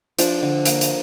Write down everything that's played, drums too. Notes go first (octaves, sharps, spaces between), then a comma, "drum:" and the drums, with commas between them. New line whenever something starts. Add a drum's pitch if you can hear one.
F3 D4, drum: hi-hat
D3
A#3, drum: hi-hat
drum: hi-hat